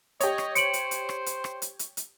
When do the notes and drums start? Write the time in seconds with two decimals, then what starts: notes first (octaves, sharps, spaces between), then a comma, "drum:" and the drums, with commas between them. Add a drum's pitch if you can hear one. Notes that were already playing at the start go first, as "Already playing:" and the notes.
0.20 G4 C#5 D#5, drum: hi-hat
0.38 drum: rim click
0.55 C5 C#7 D7 F#7, drum: hi-hat
0.73 drum: hi-hat
0.91 drum: hi-hat
1.09 drum: rim click
1.26 drum: hi-hat
1.44 drum: rim click
1.62 drum: hi-hat
1.79 drum: hi-hat
1.97 drum: hi-hat